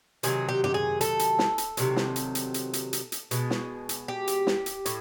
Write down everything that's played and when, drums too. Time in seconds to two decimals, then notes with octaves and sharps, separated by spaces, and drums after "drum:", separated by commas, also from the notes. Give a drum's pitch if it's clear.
0.23 C3 D#3 F#3 G#4, drum: hi-hat
0.49 G4
0.64 G4, drum: tom F#2
0.74 G#4
1.01 A4, drum: hi-hat
1.19 drum: hi-hat
1.39 drum: snare
1.58 drum: hi-hat
1.77 C3 D#3 F#3, drum: hi-hat
1.96 drum: snare
2.16 drum: hi-hat
2.35 drum: hi-hat
2.54 drum: hi-hat
2.73 drum: hi-hat
2.93 drum: hi-hat
3.12 drum: hi-hat
3.31 B2 G#3, drum: hi-hat
3.50 drum: snare
3.89 drum: hi-hat
4.08 G4
4.27 drum: hi-hat
4.47 drum: snare
4.66 drum: hi-hat
4.86 A2, drum: hi-hat